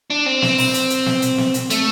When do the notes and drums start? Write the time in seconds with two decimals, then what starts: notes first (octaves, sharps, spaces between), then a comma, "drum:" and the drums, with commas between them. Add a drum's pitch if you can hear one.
0.10 D4
0.26 C4
0.42 drum: snare
0.58 drum: open hi-hat
0.74 drum: hi-hat
0.90 drum: hi-hat
1.06 drum: snare
1.22 drum: hi-hat
1.38 drum: snare
1.54 drum: hi-hat
1.70 A3, drum: hi-hat